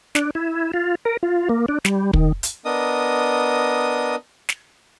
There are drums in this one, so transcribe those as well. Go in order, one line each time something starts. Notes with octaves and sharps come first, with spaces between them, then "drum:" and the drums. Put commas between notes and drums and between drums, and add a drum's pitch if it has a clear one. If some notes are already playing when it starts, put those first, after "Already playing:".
D4, drum: snare
E4
F4
A#4
F4
A#3
D4
G3, drum: snare
D#3, drum: kick
drum: hi-hat
B3 D4 A#4 D#5 D#6
drum: snare